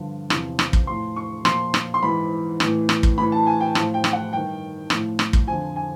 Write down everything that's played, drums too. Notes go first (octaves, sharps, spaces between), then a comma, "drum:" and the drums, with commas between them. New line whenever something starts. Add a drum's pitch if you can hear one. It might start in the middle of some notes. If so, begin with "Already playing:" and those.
Already playing: G2 D3 F3
E2 C3 F3, drum: rim click
drum: rim click
drum: kick
A2 F3 C6
C#6
A#2 F3 C6, drum: rim click
drum: rim click
C6
G#2 E3 B5
A2 E3, drum: rim click
drum: rim click
drum: kick
A2 E3 B5
A5
G#5
G5
A2 F3, drum: rim click
G5
drum: rim click
F#5
G2 D#3 G5
A2 F3, drum: rim click
drum: rim click
drum: kick
F2 D3 F3 G#5
G#5